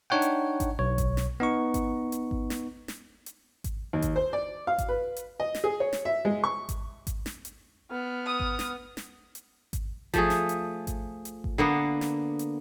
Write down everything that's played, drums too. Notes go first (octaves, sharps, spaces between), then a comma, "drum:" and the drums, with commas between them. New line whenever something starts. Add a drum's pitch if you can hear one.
D4 D#4 C#5 F#5 G5
drum: hi-hat
drum: kick G#1, hi-hat
B1 C#5
drum: kick G#1, hi-hat
drum: snare
B3 D#4 C#6
drum: kick G#1, hi-hat
drum: hi-hat
drum: kick G#1
drum: snare
drum: snare
drum: hi-hat
drum: kick G#1, hi-hat
D#2
drum: kick G#1, hi-hat
C5
D5
F5
drum: kick G#1, hi-hat
B4
drum: hi-hat
D#5
drum: snare
G#4
C#5
drum: snare
E5
G#3
C#6
drum: kick G#1, hi-hat
drum: kick G#1, hi-hat
drum: snare
drum: hi-hat
B3 F6
D#6
drum: kick G#1
drum: snare
drum: snare
drum: hi-hat
drum: kick G#1, hi-hat
F3 A3 G#4, drum: kick G#1, hi-hat
drum: snare
drum: hi-hat
drum: kick G#1, hi-hat
drum: hi-hat
drum: kick G#1
D3 A#3 B3
drum: snare
drum: hi-hat